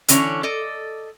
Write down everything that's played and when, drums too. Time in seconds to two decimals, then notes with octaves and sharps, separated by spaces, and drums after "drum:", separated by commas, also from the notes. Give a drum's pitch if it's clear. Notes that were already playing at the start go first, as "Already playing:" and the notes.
0.08 D3 E3 C#4 D4 C#5, drum: hi-hat
0.43 A4 D5 D#5